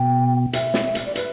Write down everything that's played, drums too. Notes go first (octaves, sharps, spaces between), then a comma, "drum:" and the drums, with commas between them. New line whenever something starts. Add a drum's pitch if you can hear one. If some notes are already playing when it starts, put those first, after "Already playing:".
Already playing: B2 G5
E5, drum: hi-hat
drum: snare
drum: hi-hat
D5
B4, drum: hi-hat